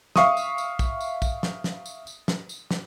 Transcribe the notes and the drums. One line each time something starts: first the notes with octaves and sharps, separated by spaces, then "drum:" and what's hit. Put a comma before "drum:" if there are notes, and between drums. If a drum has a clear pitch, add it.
E5 F5 C#6 D#6, drum: snare
drum: tambourine
drum: tambourine
drum: kick, tambourine
drum: tambourine
drum: kick, tambourine
drum: snare
drum: snare
drum: tambourine
drum: tambourine
drum: snare
drum: tambourine
drum: snare